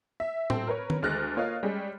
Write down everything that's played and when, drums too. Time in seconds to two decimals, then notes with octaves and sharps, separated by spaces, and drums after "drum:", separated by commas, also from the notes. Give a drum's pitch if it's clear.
0.20 E5
0.50 C4 A4, drum: tom A2
0.67 A#4 B4 C#5
0.90 drum: tom D#3
1.03 D2 G#3 F6 F#6 A6 A#6
1.36 A#3 F4 C#5 D#5 F5
1.63 G3 G#3 C#4